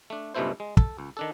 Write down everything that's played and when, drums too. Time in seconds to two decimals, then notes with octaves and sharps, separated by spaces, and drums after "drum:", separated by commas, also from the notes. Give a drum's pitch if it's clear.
0.10 A3 D4
0.35 C#2 G2 B2 A3 E4 C5
0.60 G#3
0.77 A4, drum: kick
0.99 C#2
1.17 D#3 D4 A4